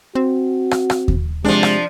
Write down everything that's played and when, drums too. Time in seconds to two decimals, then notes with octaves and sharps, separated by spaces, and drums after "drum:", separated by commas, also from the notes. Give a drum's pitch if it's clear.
0.15 C4 F#4
0.71 drum: rim click
0.90 drum: rim click
1.08 drum: kick D#2
1.45 C3 F3 G#3 D4
1.63 drum: rim click